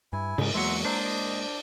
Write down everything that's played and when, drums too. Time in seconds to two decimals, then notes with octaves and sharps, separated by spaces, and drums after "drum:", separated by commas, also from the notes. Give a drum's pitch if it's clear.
0.13 G2 E4 G#5
0.38 G#2 C#3 G#3, drum: cymbal
0.54 E2 F#3 G#3 A#3 E5 F#5 C6
0.85 F#3 D4 C5
1.05 D#5 D6